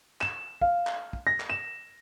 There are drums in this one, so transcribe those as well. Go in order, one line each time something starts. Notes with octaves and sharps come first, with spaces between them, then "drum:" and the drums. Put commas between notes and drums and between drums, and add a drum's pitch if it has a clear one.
E7, drum: clap
F5, drum: kick
drum: clap
drum: kick
A#6
drum: clap
E7